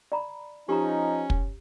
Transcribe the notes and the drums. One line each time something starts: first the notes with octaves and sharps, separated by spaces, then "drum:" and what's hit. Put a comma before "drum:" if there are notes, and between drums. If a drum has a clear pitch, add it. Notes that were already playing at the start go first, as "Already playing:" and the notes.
D5 A#5 B5
F3 C#4 D#4 G4 A#5
drum: kick